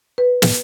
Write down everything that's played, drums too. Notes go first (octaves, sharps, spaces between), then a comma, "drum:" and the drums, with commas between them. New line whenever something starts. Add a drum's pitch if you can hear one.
B4
drum: snare